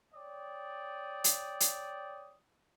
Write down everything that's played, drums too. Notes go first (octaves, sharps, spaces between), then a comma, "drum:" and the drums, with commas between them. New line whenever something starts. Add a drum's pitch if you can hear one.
C#5 D5 G5 D#6
drum: hi-hat
drum: hi-hat